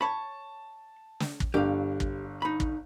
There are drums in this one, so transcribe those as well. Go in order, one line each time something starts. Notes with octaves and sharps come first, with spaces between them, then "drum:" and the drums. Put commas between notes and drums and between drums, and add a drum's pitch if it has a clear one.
C#5 A5 B5
drum: snare
drum: kick
G1 G2 G4 F5
drum: kick
D#4 B5
drum: kick